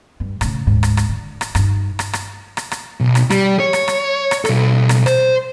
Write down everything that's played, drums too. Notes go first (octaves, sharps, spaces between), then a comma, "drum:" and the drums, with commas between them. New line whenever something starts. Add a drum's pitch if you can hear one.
G2
A2 C#3, drum: rim click
D2 G#2
drum: rim click
drum: rim click
D3
drum: rim click
G2 D#4, drum: rim click
drum: rim click
drum: rim click
drum: rim click
drum: rim click
B1
drum: rim click
G3, drum: rim click
C#5
drum: rim click
drum: rim click
drum: rim click
B2 A4, drum: rim click
drum: rim click
C5, drum: rim click